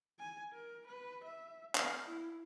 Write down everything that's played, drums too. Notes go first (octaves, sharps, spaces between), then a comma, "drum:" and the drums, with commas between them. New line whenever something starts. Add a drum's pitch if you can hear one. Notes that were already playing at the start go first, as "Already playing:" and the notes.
G#5
A#4
B4
E5
F5, drum: clap
E4